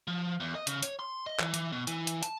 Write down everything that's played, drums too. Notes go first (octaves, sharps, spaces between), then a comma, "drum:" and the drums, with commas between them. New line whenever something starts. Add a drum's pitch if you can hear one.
F3
E2
D#5
C#3, drum: hi-hat
C#5, drum: hi-hat
C6
D#5
E3, drum: clap
E3, drum: hi-hat
B2
E3, drum: hi-hat
drum: hi-hat
A5, drum: hi-hat